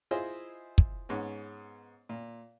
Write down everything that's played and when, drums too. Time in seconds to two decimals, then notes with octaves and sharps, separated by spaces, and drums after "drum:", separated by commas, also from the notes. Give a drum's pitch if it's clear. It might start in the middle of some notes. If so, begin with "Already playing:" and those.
0.11 E4 F4 G#4 C5 D#5
0.78 drum: kick
1.09 G#2 B3 C#4
2.09 A#2